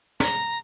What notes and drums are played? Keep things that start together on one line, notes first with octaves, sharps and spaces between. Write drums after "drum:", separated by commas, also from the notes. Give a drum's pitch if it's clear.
A#5, drum: snare